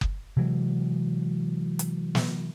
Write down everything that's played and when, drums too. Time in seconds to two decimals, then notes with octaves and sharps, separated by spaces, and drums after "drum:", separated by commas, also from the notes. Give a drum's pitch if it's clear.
0.01 drum: kick F#1
0.37 C3 E3 F#3 G#3
1.79 drum: hi-hat
2.15 drum: snare